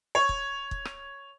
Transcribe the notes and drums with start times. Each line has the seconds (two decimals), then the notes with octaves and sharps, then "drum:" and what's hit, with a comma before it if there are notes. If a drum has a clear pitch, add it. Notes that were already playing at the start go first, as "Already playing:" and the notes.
0.15 C#5
0.29 drum: kick
0.71 drum: kick
0.85 drum: rim click